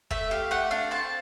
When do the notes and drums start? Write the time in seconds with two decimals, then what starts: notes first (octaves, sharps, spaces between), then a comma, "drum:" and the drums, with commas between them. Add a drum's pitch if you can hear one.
0.11 A3 E5, drum: kick
0.31 G4 F5
0.51 A3 F#5
0.71 D4 F5
0.91 C4 A5